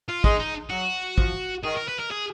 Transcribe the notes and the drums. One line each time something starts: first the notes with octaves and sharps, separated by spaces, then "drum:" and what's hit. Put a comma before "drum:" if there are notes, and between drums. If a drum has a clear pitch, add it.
F4
G#3 D#4, drum: kick
D#4
F#3 F#4
F3, drum: kick
D#3 G#4
A#4
B4
A#4
G#4